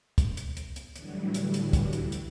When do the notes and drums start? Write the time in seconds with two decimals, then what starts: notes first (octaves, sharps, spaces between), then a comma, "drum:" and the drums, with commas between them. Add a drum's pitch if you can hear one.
0.18 drum: kick, hi-hat
0.37 drum: hi-hat
0.57 drum: hi-hat
0.76 drum: hi-hat
0.96 A2 D3 E3 F#3 G3, drum: hi-hat
1.34 drum: hi-hat
1.54 drum: hi-hat
1.73 drum: kick, hi-hat
1.93 drum: hi-hat
2.12 drum: hi-hat